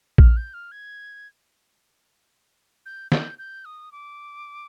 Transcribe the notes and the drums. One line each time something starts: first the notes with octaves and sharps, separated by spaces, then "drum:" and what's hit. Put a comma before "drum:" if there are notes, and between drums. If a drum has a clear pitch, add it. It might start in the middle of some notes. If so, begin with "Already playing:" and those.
F6, drum: kick A#1
G6
F6
G#6
G6
G6, drum: snare
G6
D#6
D6